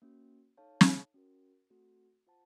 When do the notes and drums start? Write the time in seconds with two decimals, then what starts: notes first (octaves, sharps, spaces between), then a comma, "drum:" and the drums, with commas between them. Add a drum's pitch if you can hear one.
0.02 A#3 C#4 F#4
0.57 D#4 A4 C#5 F5 A5
0.81 drum: snare
1.14 C#4 F#4 A#4
1.70 A3 C4 F#4 A4
2.27 F4 C5 F#5 A5